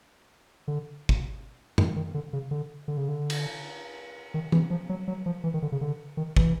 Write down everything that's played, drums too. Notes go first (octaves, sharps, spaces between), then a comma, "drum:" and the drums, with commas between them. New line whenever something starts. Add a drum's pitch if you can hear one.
D3
drum: kick
D#3, drum: tom F#2
D#3
D3
C#3
D3
D3
C#3
D3
drum: cymbal
D#3
E3, drum: tom
F3
F#3
F#3
F3
E3
D#3
D3
C#3
D3
D#3
E3, drum: kick